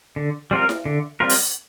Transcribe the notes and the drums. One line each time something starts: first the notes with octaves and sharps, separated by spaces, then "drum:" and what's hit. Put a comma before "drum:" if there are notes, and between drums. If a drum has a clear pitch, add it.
D3
G3 C4 F4 A#4
drum: snare E4
D3
G3 C4 F4 A#4
drum: open hi-hat